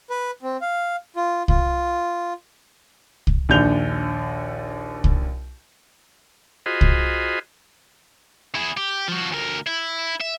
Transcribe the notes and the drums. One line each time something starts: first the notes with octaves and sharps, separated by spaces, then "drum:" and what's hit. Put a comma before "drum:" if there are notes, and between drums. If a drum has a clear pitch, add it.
B4
C4
F5
F4
F4, drum: kick C2
drum: kick C2
A#1 D#2 D4 G6 F7
drum: kick C2
F4 F#4 G#4 C5 D#5 B5
drum: kick C2
E4 G#4
G4
F3 F#4
D2 A#4
E4
E5